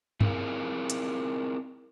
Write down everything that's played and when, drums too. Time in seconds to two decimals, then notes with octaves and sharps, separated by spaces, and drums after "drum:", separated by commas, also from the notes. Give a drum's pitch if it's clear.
0.21 A3 C4 E4 G#4 A#4 F5, drum: tom G2
0.90 drum: hi-hat